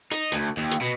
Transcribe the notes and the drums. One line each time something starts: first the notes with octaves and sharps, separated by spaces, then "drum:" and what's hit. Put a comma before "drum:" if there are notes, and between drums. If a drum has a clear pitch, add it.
D#4, drum: hi-hat
D2, drum: hi-hat
D#2
drum: hi-hat
B2